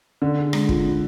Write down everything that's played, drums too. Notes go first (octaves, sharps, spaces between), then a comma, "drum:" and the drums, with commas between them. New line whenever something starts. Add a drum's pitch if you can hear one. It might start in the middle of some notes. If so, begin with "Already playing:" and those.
D3 D4
G#4
G#3, drum: rim click
F4, drum: kick
D4